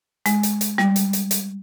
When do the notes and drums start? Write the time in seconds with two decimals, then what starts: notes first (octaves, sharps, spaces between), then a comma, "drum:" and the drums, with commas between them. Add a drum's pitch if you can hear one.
0.26 G#3, drum: hi-hat
0.43 drum: hi-hat
0.61 drum: hi-hat
0.78 G3, drum: snare
0.96 drum: hi-hat
1.13 drum: hi-hat
1.31 drum: hi-hat